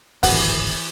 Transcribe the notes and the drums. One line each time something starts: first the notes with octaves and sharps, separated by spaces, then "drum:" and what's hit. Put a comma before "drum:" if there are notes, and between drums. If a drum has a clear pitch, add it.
D1 G#1 F#2 E3 F#5, drum: open hi-hat